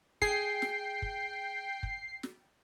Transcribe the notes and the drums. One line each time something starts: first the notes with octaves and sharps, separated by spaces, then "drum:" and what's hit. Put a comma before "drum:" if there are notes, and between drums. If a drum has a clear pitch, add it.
G#4 G5 C7, drum: kick
drum: snare
drum: kick
drum: kick
drum: snare